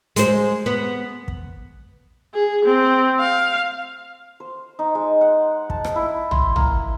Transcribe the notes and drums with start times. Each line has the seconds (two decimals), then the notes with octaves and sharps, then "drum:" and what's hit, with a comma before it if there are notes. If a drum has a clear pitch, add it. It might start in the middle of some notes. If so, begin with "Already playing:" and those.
0.16 G#3 C5, drum: hi-hat
0.66 B3
1.28 drum: kick
2.34 G#4
2.65 C4
3.20 F5
4.40 C5
4.79 D#4
4.95 G#3
5.21 F#5
5.70 A5, drum: kick
5.84 drum: rim click
5.96 E4
6.31 C6, drum: tom
6.56 A#3, drum: tom